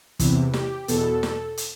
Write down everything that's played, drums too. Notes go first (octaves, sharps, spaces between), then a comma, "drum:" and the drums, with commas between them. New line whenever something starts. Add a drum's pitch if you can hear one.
E2 C3 E3, drum: kick, hi-hat
G4, drum: snare
E2 B2 A4, drum: hi-hat
drum: snare
drum: hi-hat